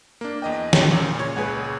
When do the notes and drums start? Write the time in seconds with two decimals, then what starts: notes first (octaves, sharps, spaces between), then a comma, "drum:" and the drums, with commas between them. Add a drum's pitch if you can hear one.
0.21 A#3 D4
0.42 E2 D#5 G5
0.73 drum: snare
0.92 A#2 C#3
1.19 C#5
1.36 C#2 G#4 B4